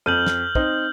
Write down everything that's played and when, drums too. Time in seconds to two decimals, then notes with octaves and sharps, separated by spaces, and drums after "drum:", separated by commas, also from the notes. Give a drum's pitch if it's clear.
0.06 F2 A4 F6 G6 D#7 F#7
0.27 drum: snare
0.55 C4 D#4 C5, drum: kick